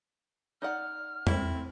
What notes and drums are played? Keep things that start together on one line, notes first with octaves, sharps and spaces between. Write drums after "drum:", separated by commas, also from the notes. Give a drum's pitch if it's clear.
D#4 D5 F#5 F6
A3 C4 E4, drum: tom E2